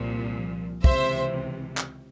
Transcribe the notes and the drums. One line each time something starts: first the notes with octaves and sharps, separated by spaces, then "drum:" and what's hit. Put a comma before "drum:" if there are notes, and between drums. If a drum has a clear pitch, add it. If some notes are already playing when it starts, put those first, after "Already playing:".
Already playing: C2 A#2 F3
C#2 C3 E3 C5 E5, drum: kick
drum: clap